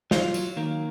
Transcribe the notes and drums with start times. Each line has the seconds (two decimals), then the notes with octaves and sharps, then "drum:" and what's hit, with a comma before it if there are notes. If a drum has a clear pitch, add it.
0.11 F#3 F4, drum: snare
0.34 F#3, drum: tambourine
0.57 D#3 A#3